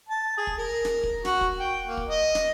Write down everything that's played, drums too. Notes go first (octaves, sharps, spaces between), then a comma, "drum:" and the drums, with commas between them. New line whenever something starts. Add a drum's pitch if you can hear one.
A5
G#4
drum: kick
A#4
drum: snare
drum: kick
F#4, drum: snare
drum: kick
G5
A#3
drum: kick
D#5
drum: snare